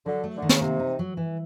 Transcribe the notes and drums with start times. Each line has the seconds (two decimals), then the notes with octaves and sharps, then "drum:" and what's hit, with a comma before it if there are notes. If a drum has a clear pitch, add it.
0.06 D3 F#3
0.24 A3
0.37 D3
0.42 D#3
0.49 C#3, drum: snare
0.61 C3 A#3
0.80 D#4
0.99 F#3
1.17 E3